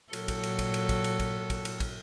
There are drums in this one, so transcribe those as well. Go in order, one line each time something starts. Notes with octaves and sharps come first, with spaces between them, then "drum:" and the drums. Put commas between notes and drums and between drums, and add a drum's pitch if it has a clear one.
A#2 F#3 A4, drum: cymbal
drum: kick, cymbal
drum: cymbal
drum: kick, cymbal
drum: cymbal
drum: kick, cymbal
drum: cymbal
drum: kick, cymbal
drum: kick, cymbal
drum: cymbal
drum: kick, cymbal